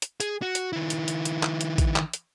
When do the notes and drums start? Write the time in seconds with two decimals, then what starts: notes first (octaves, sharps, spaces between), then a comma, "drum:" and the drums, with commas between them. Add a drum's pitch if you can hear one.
0.02 drum: hi-hat
0.20 G#4, drum: hi-hat
0.42 F#4
0.55 drum: hi-hat
0.73 D#3 E4
0.90 drum: hi-hat
1.08 drum: hi-hat
1.25 drum: hi-hat
1.43 drum: clap
1.61 drum: hi-hat
1.78 drum: kick A1, hi-hat
1.96 drum: clap
2.13 drum: hi-hat